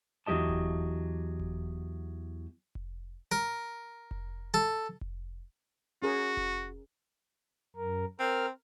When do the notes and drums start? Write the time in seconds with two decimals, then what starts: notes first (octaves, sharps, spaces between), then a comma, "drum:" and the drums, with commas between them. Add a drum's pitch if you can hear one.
0.26 E2 F#3 G4 D#5 A5
0.49 drum: kick F1
1.40 drum: kick F1
2.75 drum: kick F1
3.32 A#4
4.11 drum: kick F1
4.54 A4
5.01 drum: kick F1
6.02 C#4 F#4 G#4 A#4
6.37 drum: kick F1
7.76 F#2 A#4
8.19 C4 A#4 F6